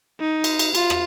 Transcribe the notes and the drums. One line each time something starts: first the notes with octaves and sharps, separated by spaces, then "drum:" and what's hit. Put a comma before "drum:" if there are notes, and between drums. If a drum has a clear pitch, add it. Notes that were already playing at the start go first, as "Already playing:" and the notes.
D#4
drum: cymbal
drum: cymbal
F4, drum: cymbal
drum: rim click